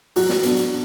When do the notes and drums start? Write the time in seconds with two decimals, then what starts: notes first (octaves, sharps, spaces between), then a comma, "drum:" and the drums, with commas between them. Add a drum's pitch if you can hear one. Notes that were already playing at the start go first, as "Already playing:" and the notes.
0.16 F#3 F#4, drum: open hi-hat
0.29 drum: snare
0.43 B3 D4, drum: hi-hat
0.57 drum: hi-hat